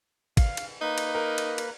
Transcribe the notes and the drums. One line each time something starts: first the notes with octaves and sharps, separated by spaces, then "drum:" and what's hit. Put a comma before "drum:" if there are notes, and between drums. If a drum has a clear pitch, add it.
F5, drum: kick, cymbal
drum: cymbal
A#3 D#4 B4
drum: cymbal
A#4
drum: cymbal
drum: cymbal